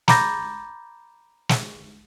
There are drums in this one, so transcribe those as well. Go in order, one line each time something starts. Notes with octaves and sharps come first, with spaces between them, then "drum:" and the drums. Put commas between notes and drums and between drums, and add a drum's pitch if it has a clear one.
A#5 B5 D6 G6 A6 A#6, drum: snare
drum: snare